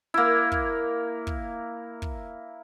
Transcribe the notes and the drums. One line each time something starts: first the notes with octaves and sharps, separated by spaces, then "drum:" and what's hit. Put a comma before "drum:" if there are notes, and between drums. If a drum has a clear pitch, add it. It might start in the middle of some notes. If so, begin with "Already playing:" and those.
A#3 E4
drum: kick
drum: kick
drum: kick